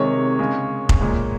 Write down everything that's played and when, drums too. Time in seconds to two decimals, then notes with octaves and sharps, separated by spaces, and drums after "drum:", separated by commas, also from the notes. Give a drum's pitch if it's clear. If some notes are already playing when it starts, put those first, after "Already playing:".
Already playing: C3 D#3 G#3 C#5
0.39 C#3 G#3
0.89 drum: kick F1
1.01 A#2 G#3